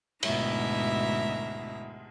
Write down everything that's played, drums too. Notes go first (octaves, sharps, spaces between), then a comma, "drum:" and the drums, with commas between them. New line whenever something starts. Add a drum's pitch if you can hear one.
D2 G#2 B2 E4 E5 A#5, drum: cymbal